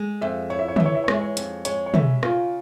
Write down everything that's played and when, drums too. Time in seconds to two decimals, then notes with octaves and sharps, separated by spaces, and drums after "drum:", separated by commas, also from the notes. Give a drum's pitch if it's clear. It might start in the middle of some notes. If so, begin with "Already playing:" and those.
Already playing: G#3
0.21 F2 E5
0.50 E4 C#5
0.59 E5
0.68 C#5
0.76 E3 E5, drum: tom
0.86 C#5
0.95 E5
1.04 C#5
1.08 G#3 E5, drum: rim click
1.21 C#5
1.37 F2, drum: hi-hat
1.65 G#3 C#5, drum: hi-hat
1.86 C#5
1.94 C#3 E5, drum: tom
2.23 C#3 F4, drum: rim click